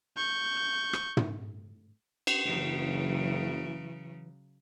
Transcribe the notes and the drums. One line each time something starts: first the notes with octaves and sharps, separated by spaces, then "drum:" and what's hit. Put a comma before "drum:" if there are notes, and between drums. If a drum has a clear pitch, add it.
C#6 G6
drum: rim click
drum: tom
drum: cymbal
F#1 C#3 E3 F#3